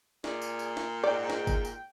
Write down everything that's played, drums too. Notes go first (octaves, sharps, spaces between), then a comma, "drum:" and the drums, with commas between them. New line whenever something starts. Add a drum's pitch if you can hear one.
A#2 G#4 D5, drum: snare
drum: tambourine
drum: tambourine
drum: snare
G#2 D5 G5
drum: snare
drum: kick G1, tambourine
drum: tambourine